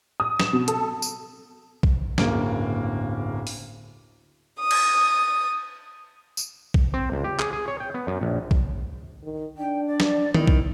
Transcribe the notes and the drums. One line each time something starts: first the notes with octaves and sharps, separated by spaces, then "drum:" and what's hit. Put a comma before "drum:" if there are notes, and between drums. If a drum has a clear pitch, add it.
D#6
E7, drum: snare
B2
A4, drum: hi-hat
drum: tambourine
drum: kick A#1
D1 G1 C#3 A#3 D7, drum: snare
drum: open hi-hat
D#6
drum: cymbal
drum: tambourine
drum: kick A#1
C4
C#2
G4
G#4, drum: clap
G#4
C#5
G5
B3
F#2
A#1
drum: kick A#1
D#3
D4 G5
D5
drum: snare
D#3 E4, drum: tom D#3
drum: kick A#1